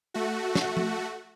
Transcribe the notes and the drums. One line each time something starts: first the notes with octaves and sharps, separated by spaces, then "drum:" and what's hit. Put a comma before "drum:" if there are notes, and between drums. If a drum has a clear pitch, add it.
A3 F#4
drum: snare
drum: tom